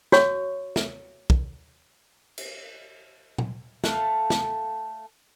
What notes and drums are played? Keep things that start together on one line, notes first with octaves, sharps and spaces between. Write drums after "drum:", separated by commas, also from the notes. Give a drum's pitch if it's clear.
F#4 C#5 C#6, drum: snare
drum: snare
drum: kick
drum: cymbal
drum: tom A#2
A3 A4 F5 F#6, drum: snare
drum: snare